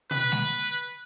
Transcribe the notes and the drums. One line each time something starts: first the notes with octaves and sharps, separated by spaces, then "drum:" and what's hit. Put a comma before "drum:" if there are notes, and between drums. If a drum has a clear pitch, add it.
B4, drum: tom B2
drum: snare G#3